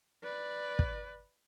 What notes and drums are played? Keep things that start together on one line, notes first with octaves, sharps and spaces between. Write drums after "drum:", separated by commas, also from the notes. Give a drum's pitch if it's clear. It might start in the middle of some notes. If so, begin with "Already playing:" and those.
B4 D5
drum: kick